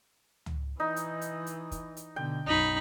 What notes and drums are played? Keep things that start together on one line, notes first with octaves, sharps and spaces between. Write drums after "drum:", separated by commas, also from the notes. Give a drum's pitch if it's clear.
drum: tom C#2
E3 D#4
drum: hi-hat
drum: hi-hat
drum: hi-hat
drum: kick, hi-hat
drum: hi-hat
B2 D3 G5
B1 F#2 D#4 B5